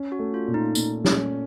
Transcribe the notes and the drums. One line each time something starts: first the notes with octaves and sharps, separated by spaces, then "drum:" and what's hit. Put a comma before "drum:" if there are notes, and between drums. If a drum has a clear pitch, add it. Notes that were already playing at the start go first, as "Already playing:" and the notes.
Already playing: C#4
F#4
A3
F4
A#2
D#4
A#2, drum: tambourine
C#4, drum: snare